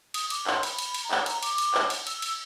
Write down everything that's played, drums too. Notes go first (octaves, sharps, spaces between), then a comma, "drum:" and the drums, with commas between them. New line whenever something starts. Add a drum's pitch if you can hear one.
D#6, drum: cymbal
D6, drum: cymbal
C6, drum: clap
B5, drum: cymbal
drum: cymbal
drum: cymbal
A#5
B5, drum: clap
A#5, drum: cymbal
D6, drum: cymbal
drum: cymbal
drum: clap
drum: cymbal
E6, drum: cymbal
E6, drum: cymbal